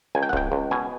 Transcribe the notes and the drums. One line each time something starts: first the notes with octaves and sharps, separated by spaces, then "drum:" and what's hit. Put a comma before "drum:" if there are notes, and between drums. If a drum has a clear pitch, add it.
C#2 G#5
G5
F#5
C#2 G5, drum: kick D1
C#2
B2 G#5